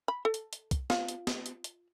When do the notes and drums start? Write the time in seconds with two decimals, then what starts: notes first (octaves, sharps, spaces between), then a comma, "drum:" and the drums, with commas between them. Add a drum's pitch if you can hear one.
0.08 B5
0.25 A4
0.34 drum: hi-hat
0.53 drum: hi-hat
0.71 drum: kick B1, hi-hat
0.90 F4, drum: snare
1.08 drum: hi-hat
1.27 drum: snare
1.46 drum: hi-hat
1.64 drum: hi-hat